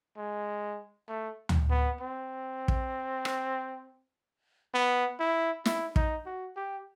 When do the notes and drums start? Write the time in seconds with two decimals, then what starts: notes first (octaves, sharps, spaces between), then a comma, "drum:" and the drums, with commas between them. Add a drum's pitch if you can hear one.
0.17 G#3
1.09 A3
1.49 drum: tom D2
1.70 B3
2.01 C4
2.68 drum: kick
3.25 drum: rim click
4.74 B3
5.20 E4
5.65 E4, drum: snare
5.96 D#4, drum: kick
6.26 F#4
6.56 G4